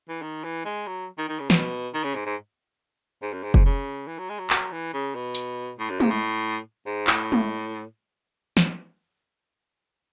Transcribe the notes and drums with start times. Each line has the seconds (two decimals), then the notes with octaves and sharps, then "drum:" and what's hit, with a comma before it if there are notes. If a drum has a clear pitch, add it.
0.08 E3
0.22 D#3
0.44 E3
0.65 G#3
0.87 F#3
1.18 D#3
1.28 D#3
1.40 C#3
1.50 B2, drum: snare
1.94 D#3
2.04 C#3
2.15 G#2
2.26 G#2
3.22 G#2
3.33 F#2
3.43 G#2
3.54 G#2, drum: kick
3.65 C#3
4.07 E3
4.18 F#3
4.29 G#3
4.39 F#3
4.50 F#3, drum: clap
4.72 E3
4.93 C#3
5.15 B2
5.35 drum: hi-hat
5.79 A2
5.90 F#2
6.00 G#2, drum: tom G#3
6.11 A2
6.86 G#2
7.07 A2, drum: clap
7.32 drum: tom G#3
8.57 drum: snare